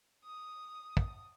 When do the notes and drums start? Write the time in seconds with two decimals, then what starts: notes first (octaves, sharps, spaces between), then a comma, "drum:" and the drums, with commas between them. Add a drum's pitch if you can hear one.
0.23 D#6
0.97 drum: kick